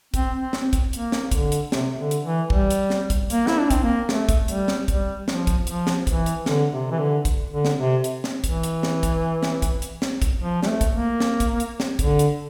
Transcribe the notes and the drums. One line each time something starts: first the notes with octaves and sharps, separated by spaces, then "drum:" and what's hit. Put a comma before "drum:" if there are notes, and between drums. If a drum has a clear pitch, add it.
C4, drum: kick, hi-hat
C4
drum: snare
drum: kick, hi-hat
A#3, drum: hi-hat
drum: snare
D3, drum: kick, hi-hat
drum: hi-hat
C3, drum: snare
D3
drum: hi-hat
E3
G3, drum: kick
drum: hi-hat
drum: snare
drum: kick, hi-hat
A#3, drum: hi-hat
E4, drum: snare
D4
C4, drum: kick, hi-hat
A#3
A3, drum: snare
drum: kick, hi-hat
G3, drum: hi-hat
drum: snare
G3, drum: kick, hi-hat
F3, drum: snare
drum: kick, hi-hat
F3, drum: hi-hat
drum: snare
E3, drum: kick, hi-hat
drum: hi-hat
D3, drum: snare
C3
E3
D3
drum: kick, hi-hat
D3
drum: snare
C3
drum: hi-hat
drum: snare
E3, drum: kick, hi-hat
drum: hi-hat
drum: snare
drum: kick, hi-hat
drum: snare
drum: kick, hi-hat
drum: hi-hat
drum: snare
drum: kick, hi-hat
F3
G3, drum: snare
A3
drum: kick, hi-hat
A#3
drum: snare
drum: kick, hi-hat
drum: hi-hat
drum: snare
D3, drum: kick, hi-hat
drum: hi-hat